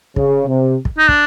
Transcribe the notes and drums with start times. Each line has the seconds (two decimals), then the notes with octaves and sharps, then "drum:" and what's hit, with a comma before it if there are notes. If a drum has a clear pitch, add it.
0.16 C#3, drum: kick
0.47 C3
0.85 drum: kick
0.98 D#4
1.09 D4, drum: kick